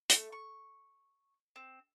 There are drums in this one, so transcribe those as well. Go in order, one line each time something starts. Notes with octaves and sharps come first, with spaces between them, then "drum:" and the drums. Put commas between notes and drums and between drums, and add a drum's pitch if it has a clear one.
A3, drum: hi-hat
C#6
C4